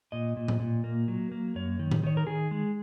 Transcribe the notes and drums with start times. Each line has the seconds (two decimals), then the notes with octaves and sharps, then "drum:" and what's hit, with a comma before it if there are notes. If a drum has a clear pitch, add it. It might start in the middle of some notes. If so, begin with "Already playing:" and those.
0.12 A#2 D#5
0.37 A#2
0.48 drum: tom A2
0.60 A#2
0.84 A#3
1.08 F#3
1.32 A#3
1.55 F#2 C#5
1.79 D#3
1.91 drum: tom A2
2.04 D#3 C#5
2.17 A#4
2.27 D#3 G#4
2.51 G#3